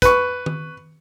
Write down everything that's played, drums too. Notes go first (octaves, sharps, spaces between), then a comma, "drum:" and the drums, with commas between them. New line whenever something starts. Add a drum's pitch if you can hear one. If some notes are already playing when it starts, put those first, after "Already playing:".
B4 C#6, drum: kick, hi-hat
drum: tom D#3